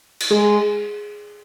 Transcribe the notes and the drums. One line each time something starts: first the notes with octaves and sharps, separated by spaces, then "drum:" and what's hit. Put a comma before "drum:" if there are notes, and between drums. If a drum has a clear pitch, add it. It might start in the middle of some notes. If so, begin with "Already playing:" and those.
drum: cymbal
G#3 G#4